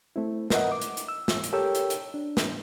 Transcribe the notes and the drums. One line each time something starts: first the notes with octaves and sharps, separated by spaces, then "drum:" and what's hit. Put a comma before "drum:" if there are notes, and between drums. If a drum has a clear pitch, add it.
A3 C4 E4
A#4 B4 D#5 E5 F#5, drum: snare
D6
drum: hi-hat
drum: hi-hat
E6
drum: snare
drum: hi-hat
G4 A4 A#4 C#5 G5 E6
drum: hi-hat
drum: hi-hat
D4
drum: snare